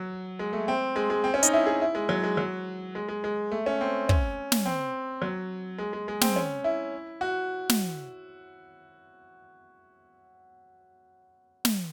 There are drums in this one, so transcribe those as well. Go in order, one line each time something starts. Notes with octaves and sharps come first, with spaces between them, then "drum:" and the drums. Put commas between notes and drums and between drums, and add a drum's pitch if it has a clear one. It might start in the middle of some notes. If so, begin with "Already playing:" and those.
Already playing: F#3
G#3
A3
C4
G#3
G#3
C4
C#4
D#4, drum: hi-hat
E4
G#4
E4
G#3
F#3
G#3
F#3
G#3
G#3
G#3
A3
C#4
C4
C#4, drum: kick
drum: snare
C4
F#3
G#3
G#3
G#3
C4, drum: snare
C#4
E4
F#4
drum: snare
drum: snare